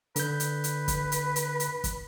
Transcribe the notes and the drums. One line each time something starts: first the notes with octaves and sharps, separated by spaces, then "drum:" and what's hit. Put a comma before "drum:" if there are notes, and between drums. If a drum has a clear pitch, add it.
D3 B4 G6, drum: hi-hat
drum: hi-hat
drum: hi-hat
drum: kick, hi-hat
drum: hi-hat
drum: hi-hat
drum: hi-hat
drum: kick, hi-hat